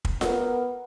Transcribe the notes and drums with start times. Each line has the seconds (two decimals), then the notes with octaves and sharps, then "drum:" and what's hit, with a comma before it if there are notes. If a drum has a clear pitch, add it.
0.05 drum: kick
0.21 B3 A#4 F#5, drum: snare F4